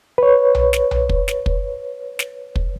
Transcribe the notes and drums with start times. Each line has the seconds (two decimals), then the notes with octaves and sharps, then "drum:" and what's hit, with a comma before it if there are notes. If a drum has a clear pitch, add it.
0.18 B4 C#5
0.55 drum: tom B1
0.73 drum: snare
0.91 drum: tom B1
1.09 drum: kick
1.28 drum: snare
1.46 drum: kick
2.19 drum: snare
2.56 drum: kick